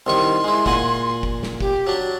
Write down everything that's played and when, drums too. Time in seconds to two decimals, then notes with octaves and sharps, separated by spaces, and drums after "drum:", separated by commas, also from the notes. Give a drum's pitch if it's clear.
0.07 C2 D#3 C6 C#6
0.44 G#3 E4
0.66 A#2 F#5 G#5, drum: kick
1.23 drum: kick
1.43 drum: snare
1.61 G4, drum: kick
1.87 F#3 D4